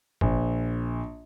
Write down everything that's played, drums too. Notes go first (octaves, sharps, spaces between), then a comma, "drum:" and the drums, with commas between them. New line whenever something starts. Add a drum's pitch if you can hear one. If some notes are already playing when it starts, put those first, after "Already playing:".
A#1, drum: kick